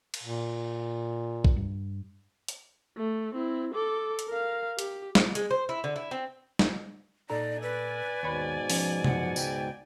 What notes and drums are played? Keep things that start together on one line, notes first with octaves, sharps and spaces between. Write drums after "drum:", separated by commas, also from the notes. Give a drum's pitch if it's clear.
drum: cymbal
A#2
drum: kick
G2
drum: hi-hat
A3
C4 E4
A4 D6
drum: hi-hat
A#4 F5
G4, drum: hi-hat
drum: snare
G#3, drum: hi-hat
C5
E4
D3
E4
C4
drum: snare
A#2 D#4 A4 D5 A#5
B4 D5 G#5 E6
D#2 G#2 B2 C#5 B5
F3 C#4, drum: open hi-hat
F#2 F3 F#5, drum: tom C3
C#2 G5, drum: tambourine